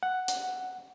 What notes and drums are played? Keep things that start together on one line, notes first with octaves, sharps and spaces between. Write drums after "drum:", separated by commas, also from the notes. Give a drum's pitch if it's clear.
F#5
drum: hi-hat